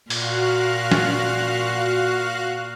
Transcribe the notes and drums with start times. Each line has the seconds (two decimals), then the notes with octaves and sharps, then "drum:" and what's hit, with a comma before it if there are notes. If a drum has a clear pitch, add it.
0.10 A#2 F#4 A#4 F5 F#6, drum: open hi-hat
0.92 drum: snare